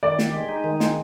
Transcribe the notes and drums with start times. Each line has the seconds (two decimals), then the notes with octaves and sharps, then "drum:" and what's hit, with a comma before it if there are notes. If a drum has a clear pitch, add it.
0.03 D#3 D5
0.19 G4, drum: snare
0.33 G#3
0.49 D#4
0.64 D#3
0.80 G#3, drum: snare